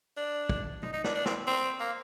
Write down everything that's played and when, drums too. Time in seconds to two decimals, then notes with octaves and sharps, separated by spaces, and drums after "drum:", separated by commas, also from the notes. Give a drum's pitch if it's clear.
0.17 D4
0.49 drum: kick
0.83 D#4, drum: tom
0.93 D#4
1.04 D4, drum: snare
1.15 D4
1.26 C4, drum: snare
1.47 C4
1.80 A#3